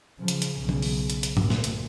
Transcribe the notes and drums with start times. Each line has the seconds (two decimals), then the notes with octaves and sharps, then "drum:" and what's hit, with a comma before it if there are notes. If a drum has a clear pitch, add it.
0.19 C#3 F3
0.28 drum: hi-hat
0.42 drum: hi-hat
0.59 B1 C#3
0.69 drum: tom
0.82 drum: open hi-hat
1.10 drum: hi-hat
1.23 drum: hi-hat
1.37 D2 A#2, drum: tom
1.50 drum: snare
1.64 drum: hi-hat